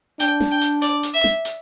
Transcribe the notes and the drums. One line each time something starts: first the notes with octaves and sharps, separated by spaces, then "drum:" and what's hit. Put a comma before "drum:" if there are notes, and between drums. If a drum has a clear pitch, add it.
D4 G5, drum: hi-hat
drum: snare
G5
drum: hi-hat
D5, drum: hi-hat
drum: hi-hat
E5
drum: snare
drum: hi-hat